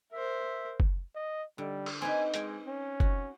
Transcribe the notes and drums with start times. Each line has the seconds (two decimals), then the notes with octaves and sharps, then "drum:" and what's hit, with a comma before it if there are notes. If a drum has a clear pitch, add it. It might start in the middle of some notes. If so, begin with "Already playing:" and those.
0.12 A#4 C5 E5
0.80 drum: kick
1.15 D#5
1.58 D3 G3
1.86 drum: cymbal
2.01 C4 D#4 B4 G#5
2.34 G#3 G5 G#5, drum: hi-hat
2.67 C#4
3.00 F#4, drum: kick